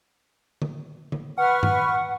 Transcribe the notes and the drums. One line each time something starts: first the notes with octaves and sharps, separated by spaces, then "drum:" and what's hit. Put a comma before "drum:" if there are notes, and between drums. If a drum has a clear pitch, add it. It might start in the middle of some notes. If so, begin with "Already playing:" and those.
drum: tom D3
drum: tom D3
B4 F#5 C#6 F6
drum: tom G2